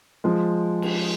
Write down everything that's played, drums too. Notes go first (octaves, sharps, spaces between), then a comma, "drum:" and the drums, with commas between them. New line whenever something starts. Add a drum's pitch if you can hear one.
F3 G#3
drum: cymbal